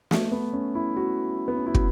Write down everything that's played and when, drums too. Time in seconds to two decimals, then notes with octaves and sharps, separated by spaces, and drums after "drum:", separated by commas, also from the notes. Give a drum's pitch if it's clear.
0.11 A3, drum: snare
0.32 B3
0.53 C#4
0.75 E4
0.96 F#4
1.48 B3
1.57 C#4
1.66 E4
1.75 F#4, drum: kick